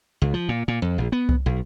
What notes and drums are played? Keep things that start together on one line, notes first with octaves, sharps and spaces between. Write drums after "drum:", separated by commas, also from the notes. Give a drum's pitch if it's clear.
C#2
F3
A#2
A#2
F2
A#1
B3
drum: kick C2
B1